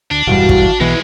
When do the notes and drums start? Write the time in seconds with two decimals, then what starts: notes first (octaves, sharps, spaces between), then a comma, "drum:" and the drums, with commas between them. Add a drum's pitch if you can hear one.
0.11 D2 D4
0.27 E1 G2 E3 G3 F#4 F5
0.49 drum: kick
0.80 B1 E2 B2 E3 G#3 E4 B4